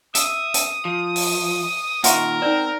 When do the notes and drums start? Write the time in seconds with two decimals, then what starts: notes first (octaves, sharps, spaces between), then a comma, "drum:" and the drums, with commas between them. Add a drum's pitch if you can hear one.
0.15 E5 D#6, drum: hi-hat
0.54 drum: hi-hat
0.85 F3
1.16 drum: open hi-hat
2.04 A#2 D#3 A#4 F#5 C6 C#6, drum: hi-hat
2.42 C4 D#4 D5